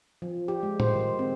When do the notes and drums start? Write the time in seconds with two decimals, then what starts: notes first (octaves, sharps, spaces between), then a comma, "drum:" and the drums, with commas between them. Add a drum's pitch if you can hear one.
0.22 F3
0.48 G4
0.63 G#3
0.80 C5, drum: tom A2
0.96 D#3
1.19 C4